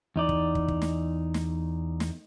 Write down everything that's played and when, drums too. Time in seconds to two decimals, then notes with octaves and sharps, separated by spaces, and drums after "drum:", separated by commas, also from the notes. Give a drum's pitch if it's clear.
0.16 E2 D#4 D5
0.29 drum: kick
0.55 drum: kick
0.68 drum: kick
0.82 drum: snare
1.34 drum: snare
2.00 drum: snare